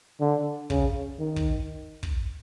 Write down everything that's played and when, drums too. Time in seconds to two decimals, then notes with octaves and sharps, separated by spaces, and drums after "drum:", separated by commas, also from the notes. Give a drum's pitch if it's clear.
0.20 D3
0.70 C#3, drum: kick
1.19 D#3
1.36 drum: kick
2.03 drum: kick